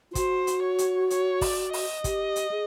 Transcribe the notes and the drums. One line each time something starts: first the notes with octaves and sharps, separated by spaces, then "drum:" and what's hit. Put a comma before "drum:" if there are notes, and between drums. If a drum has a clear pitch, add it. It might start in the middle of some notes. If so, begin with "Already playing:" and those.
F4
F#4 C5, drum: kick, hi-hat
drum: hi-hat
C#5
drum: hi-hat
C#5, drum: hi-hat
D5, drum: kick, open hi-hat
D#5, drum: open hi-hat
G4, drum: kick, hi-hat
drum: hi-hat
G#4